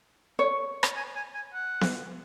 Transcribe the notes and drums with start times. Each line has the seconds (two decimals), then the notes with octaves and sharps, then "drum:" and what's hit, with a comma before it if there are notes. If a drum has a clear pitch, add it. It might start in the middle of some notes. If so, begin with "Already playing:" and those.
0.39 C#5
0.83 drum: rim click
0.96 G#5
1.16 G#5
1.34 G#5
1.53 F#5
1.81 drum: snare B3